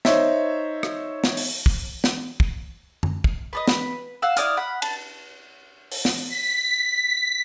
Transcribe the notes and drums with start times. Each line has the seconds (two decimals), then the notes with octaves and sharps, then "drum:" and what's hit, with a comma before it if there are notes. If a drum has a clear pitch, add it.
0.05 D#4 C5 C#5 E5, drum: snare
0.83 drum: rim click
1.24 drum: snare
1.37 drum: open hi-hat
1.66 drum: kick
2.04 drum: snare
2.40 drum: kick
3.03 drum: tom F#2
3.24 drum: kick
3.53 B4 D5 D#5
3.68 B4, drum: snare
4.22 F5 F#5 E6
4.37 E4 D5 D#6 F6, drum: hi-hat
4.57 F#5 B5
4.82 A5, drum: cymbal
5.92 drum: open hi-hat
6.05 drum: snare
6.29 B6